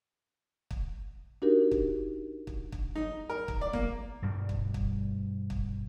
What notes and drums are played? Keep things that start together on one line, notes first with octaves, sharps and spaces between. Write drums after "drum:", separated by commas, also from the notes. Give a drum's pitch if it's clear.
drum: kick
D4 D#4 F#4 G4 A#4
drum: kick
drum: kick
drum: kick
D#4
A#4
drum: kick
D5
A#3, drum: kick
G2 B2 G3
drum: kick
drum: kick
drum: kick